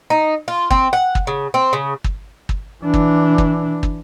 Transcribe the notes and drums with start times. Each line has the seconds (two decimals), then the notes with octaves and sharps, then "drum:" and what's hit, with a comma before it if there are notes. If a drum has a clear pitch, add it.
0.10 D#4
0.48 F4
0.71 C4, drum: kick
0.93 F#5
1.15 drum: kick
1.27 C#3
1.54 C4
1.73 C#3
2.04 drum: kick
2.49 drum: kick
2.84 E3 D4
2.94 drum: kick
3.38 drum: kick
3.83 drum: kick